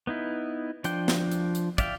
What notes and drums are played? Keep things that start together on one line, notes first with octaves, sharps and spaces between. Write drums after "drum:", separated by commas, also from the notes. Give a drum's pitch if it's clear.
B3 D#4 E4
F3 D4 G5, drum: hi-hat
drum: snare
drum: hi-hat
drum: hi-hat
D5 E5 F5 G5, drum: kick, hi-hat